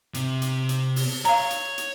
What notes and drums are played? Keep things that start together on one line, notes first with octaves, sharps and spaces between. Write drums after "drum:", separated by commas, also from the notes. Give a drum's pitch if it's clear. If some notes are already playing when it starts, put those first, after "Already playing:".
C3, drum: hi-hat
drum: hi-hat
drum: hi-hat
drum: open hi-hat
C#5 F5 A#5, drum: hi-hat
drum: hi-hat
drum: hi-hat